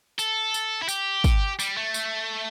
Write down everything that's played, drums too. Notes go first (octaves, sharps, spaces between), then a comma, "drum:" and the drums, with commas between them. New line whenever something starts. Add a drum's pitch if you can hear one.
A4, drum: tambourine
drum: tambourine
E4
G4, drum: tambourine
drum: kick, tambourine
G3, drum: tambourine
A3
drum: tambourine